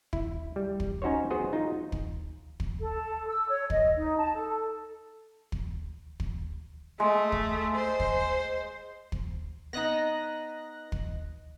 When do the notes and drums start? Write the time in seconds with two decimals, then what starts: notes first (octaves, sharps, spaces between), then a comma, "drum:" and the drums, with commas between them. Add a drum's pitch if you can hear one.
0.13 E4, drum: kick
0.56 G3
0.80 drum: kick
1.02 C#4 D#4 F#4 C5 C#5
1.30 B3 F#4 G#4 C5
1.53 D#4 F4
1.92 drum: kick
2.60 drum: kick
2.80 A4
3.27 E6
3.49 C#5
3.70 D#5, drum: kick
3.96 D#4
4.17 A5
4.34 A4
5.52 drum: kick
6.20 drum: kick
7.00 G#3 A3
7.32 drum: kick
7.75 C5
8.00 drum: kick
9.12 drum: kick
9.73 B3 D#4 D#5 F#6 A#6
10.92 drum: kick